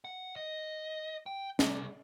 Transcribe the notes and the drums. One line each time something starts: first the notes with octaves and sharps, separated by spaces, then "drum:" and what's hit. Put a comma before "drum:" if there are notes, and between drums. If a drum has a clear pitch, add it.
F#5
D#5
G5
C2 G3, drum: snare